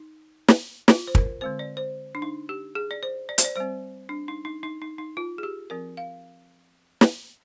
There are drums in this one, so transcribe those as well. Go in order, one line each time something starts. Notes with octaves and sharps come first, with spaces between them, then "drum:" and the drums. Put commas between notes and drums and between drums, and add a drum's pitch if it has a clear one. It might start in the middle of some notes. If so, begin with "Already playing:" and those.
Already playing: D#4
drum: snare
F4, drum: snare
C5
A#4, drum: kick
D3 G#3 C4 C5
D5
C5
D4
D#4
G4
G#4
D5
C5
D5
C5, drum: hi-hat
D5
G3 C4 C5
D4
D#4
D#4
D#4
D#4
D#4
F4
G#4
G4
F3 C4 A#4
F5
drum: snare